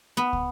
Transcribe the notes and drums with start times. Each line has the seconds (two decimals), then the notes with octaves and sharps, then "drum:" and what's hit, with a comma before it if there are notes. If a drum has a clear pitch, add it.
0.17 B3
0.33 drum: kick